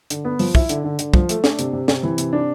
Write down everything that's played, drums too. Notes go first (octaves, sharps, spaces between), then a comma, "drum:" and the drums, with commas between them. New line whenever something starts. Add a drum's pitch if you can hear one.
D3, drum: hi-hat
B3
F3, drum: open hi-hat
E4, drum: kick
D3, drum: hi-hat
D3
D3, drum: hi-hat
F3, drum: kick
A3, drum: hi-hat
D4, drum: snare
C3, drum: hi-hat
C3
C3, drum: snare
E3
C3, drum: hi-hat
D4